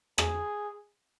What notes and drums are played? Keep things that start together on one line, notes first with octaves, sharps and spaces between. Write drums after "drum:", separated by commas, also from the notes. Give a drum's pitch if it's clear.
G#4, drum: rim click